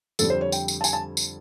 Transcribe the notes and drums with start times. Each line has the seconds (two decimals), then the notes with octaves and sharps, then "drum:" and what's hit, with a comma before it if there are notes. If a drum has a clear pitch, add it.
0.19 F2 D3 G3 A4, drum: tambourine
0.30 C5
0.41 C#5
0.52 G5, drum: tambourine
0.68 drum: tambourine
0.81 A5
0.84 G#5, drum: tambourine
0.93 A5
1.17 drum: tambourine